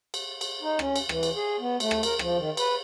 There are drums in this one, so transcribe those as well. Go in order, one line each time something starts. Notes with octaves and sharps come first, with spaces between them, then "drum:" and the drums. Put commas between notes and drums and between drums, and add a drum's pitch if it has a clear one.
drum: cymbal
drum: cymbal
D#4
C#4, drum: rim click
drum: cymbal
E3, drum: rim click
drum: cymbal
G#4
B3
A3, drum: cymbal
drum: rim click
A#4, drum: cymbal
F3, drum: rim click
D#3
B4, drum: cymbal